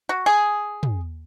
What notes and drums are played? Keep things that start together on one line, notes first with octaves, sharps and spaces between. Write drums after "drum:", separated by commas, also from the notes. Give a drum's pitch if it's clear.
F#4
G#4
drum: tom